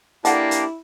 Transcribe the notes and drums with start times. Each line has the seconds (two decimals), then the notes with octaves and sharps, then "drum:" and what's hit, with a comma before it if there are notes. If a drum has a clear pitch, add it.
0.25 A#3 D4 E4 G4 A4 D5 F#5 A5, drum: hi-hat
0.51 drum: hi-hat